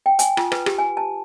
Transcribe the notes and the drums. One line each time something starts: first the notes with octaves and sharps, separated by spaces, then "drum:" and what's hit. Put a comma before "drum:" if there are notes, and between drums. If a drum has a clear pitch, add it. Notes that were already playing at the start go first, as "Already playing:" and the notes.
G5
G#5, drum: hi-hat
F4, drum: rim click
B4, drum: rim click
G4, drum: rim click
G#5
A5